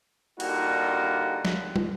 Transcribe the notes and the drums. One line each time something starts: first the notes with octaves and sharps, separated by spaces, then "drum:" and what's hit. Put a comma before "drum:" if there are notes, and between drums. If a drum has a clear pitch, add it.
D3 G3 A#3 D#4 F4 F#4, drum: cymbal
drum: snare
drum: tom